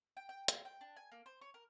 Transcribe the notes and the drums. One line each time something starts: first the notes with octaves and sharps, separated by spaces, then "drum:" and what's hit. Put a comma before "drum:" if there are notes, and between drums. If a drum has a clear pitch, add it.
G5
G5
G#4, drum: hi-hat
G5
D4
G#5
A#3
C5
C#5
A#4